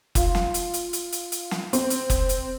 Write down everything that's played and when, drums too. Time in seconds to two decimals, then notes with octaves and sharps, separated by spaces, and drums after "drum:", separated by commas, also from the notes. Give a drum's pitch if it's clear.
0.15 F4, drum: kick, hi-hat
0.35 drum: snare
0.54 drum: hi-hat
0.74 drum: hi-hat
0.93 drum: hi-hat
1.12 drum: hi-hat
1.32 drum: hi-hat
1.51 drum: snare
1.73 C4, drum: hi-hat
1.90 drum: hi-hat
2.10 drum: kick, hi-hat
2.29 drum: hi-hat